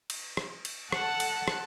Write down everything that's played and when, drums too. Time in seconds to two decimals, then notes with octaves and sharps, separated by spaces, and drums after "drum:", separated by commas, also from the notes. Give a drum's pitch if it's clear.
0.10 drum: cymbal
0.37 drum: rim click
0.65 drum: cymbal
0.92 A4 F#5 A5 F#6, drum: rim click
1.20 drum: cymbal
1.48 drum: rim click